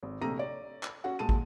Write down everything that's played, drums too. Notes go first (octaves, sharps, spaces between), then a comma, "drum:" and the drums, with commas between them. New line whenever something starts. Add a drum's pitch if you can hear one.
G#1
A#1 C3 A3 A#5 A#6 D#7
C#5 D5
drum: clap
C#4 F#4 F#5
A#2 G#3 A5 D#7
drum: kick